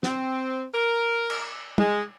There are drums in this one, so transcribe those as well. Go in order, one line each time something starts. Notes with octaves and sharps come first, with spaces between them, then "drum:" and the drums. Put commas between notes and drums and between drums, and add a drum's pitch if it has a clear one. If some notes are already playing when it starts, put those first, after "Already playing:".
C4, drum: snare
A#4
drum: cymbal
G#3, drum: tom